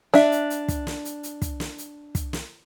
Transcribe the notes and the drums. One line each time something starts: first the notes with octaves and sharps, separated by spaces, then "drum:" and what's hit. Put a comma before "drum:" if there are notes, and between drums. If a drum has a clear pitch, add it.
D4 E5, drum: snare
drum: hi-hat
drum: hi-hat
drum: kick, hi-hat
drum: snare
drum: hi-hat
drum: hi-hat
drum: kick, hi-hat
drum: snare
drum: hi-hat
drum: kick, hi-hat
drum: snare